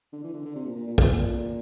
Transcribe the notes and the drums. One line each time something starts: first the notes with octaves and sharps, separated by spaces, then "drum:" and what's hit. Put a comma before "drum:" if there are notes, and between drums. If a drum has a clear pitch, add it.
D3
E3
D3
D3
C3
A#2
A#2
A#2
A#2, drum: kick
A#2
A#2